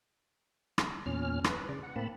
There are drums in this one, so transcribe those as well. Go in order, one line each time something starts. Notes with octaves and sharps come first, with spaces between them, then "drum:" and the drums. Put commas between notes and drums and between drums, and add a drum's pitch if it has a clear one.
drum: rim click
E2 A#2 C#4 F6
B4, drum: rim click
C#3 D5
F#5
A2 A#3 C4 A5 B5